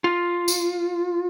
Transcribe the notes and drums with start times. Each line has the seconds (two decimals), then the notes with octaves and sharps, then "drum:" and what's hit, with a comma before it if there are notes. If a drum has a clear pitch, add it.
0.04 F4
0.48 drum: tambourine